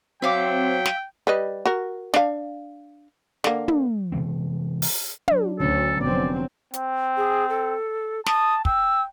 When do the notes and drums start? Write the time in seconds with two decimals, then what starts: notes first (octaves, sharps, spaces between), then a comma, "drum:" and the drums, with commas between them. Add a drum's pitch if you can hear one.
0.22 F#3 C4 E5 F5 G5 D6
0.86 drum: snare
1.27 G3 B4 D#5
1.66 F#4 A#4
2.14 D4 F5, drum: snare
3.44 D3 A#3, drum: snare
3.68 drum: tom
4.12 C3 E3 G#3 C4
4.82 drum: open hi-hat
5.28 F#3 D4, drum: tom
5.60 D2 D3 C#4 A4
6.01 F1 F#3 B3 C4 D5
6.74 C4, drum: hi-hat
7.17 G#4
7.49 A4
8.26 A5 D#6, drum: snare
8.65 G5 E6, drum: kick